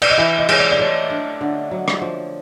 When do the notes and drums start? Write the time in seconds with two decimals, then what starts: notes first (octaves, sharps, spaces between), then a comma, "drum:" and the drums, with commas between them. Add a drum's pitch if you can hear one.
0.02 D5, drum: cymbal
0.10 D#5
0.18 E3 E5
0.38 D#5
0.49 G#3 C#5, drum: cymbal
0.58 D5
0.71 D5
0.79 A3 C#5
1.10 D4
1.41 D3
1.71 F#3
1.88 drum: rim click
2.02 F3